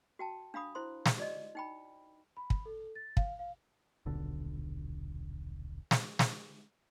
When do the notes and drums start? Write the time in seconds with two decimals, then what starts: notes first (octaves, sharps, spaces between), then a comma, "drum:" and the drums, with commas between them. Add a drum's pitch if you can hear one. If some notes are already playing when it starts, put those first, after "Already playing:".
0.19 F#4 G5 A5
0.54 D4 F5 B5 D#6
0.75 E4 C5 C6
1.06 drum: snare
1.18 F#4 D5 D#5
1.55 D#4 G5 B5
2.37 B5
2.50 drum: kick
2.66 A4
2.95 A6
3.17 F5, drum: kick
3.39 F5
4.06 D#1 B1 D3
5.91 drum: snare
6.19 drum: snare